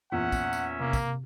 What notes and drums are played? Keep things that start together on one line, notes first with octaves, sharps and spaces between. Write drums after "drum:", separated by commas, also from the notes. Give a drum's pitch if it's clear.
E2 A#2 C#4 E5 F#5
drum: kick, tambourine
drum: tambourine
C3 A#3
drum: kick, tambourine